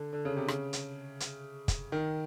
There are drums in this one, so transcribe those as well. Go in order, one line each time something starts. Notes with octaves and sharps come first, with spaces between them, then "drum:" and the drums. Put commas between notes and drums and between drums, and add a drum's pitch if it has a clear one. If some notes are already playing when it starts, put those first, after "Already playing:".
Already playing: D3
D3
C#3
C3
C#3, drum: rim click
drum: hi-hat
drum: hi-hat
drum: kick, hi-hat
D#3